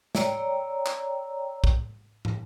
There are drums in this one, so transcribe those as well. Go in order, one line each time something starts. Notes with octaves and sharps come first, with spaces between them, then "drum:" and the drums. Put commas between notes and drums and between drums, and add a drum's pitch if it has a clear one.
C#5 D5 G5 A#5 E6, drum: snare
drum: clap
drum: kick
drum: tom